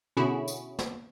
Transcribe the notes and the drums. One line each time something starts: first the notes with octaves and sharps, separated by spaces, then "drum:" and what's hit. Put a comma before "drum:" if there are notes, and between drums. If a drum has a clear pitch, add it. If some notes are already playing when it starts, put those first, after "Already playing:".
B2 D3 C#4 E4 F#4 G#4
drum: tambourine
drum: snare